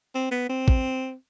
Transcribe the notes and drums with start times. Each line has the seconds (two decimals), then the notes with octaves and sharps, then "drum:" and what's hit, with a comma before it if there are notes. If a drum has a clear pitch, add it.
0.15 C4
0.32 B3
0.49 C4
0.68 drum: kick